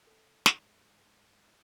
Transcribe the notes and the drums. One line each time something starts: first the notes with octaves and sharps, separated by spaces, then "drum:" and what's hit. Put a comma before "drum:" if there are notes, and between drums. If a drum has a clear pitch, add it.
A4
G#2 D5, drum: snare